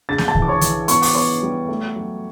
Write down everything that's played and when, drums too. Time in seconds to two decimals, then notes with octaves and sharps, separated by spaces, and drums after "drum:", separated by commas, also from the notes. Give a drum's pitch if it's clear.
0.09 C#3 A6
0.18 G6, drum: snare A#3
0.28 A5 A6
0.35 E3, drum: kick
0.42 D6
0.48 C#5 C#6
0.61 E3, drum: hi-hat
0.88 B3 C#6, drum: hi-hat
1.02 D6, drum: open hi-hat
1.15 B3 C#5 C#6
1.43 G3
1.69 A3
1.96 F#3